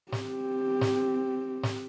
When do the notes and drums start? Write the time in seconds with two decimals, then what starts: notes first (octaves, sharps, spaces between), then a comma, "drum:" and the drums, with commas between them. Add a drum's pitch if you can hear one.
0.12 C4 G4, drum: snare
0.81 drum: snare
1.63 drum: snare